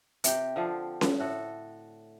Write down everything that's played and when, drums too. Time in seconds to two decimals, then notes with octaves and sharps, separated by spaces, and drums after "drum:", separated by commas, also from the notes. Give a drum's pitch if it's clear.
0.24 C3 G4, drum: hi-hat
0.56 D3 F3 C4 F4
1.01 drum: snare C#4
1.20 A2 F#4 A4